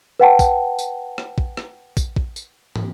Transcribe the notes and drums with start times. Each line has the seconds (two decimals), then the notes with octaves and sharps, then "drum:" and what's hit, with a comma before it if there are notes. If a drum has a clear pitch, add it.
0.20 B4 F#5 G5 A5
0.39 drum: kick, tambourine
0.79 drum: tambourine
1.18 drum: rim click
1.38 drum: kick
1.57 drum: rim click
1.97 drum: kick, tambourine
2.16 drum: kick
2.36 drum: tambourine
2.76 drum: tom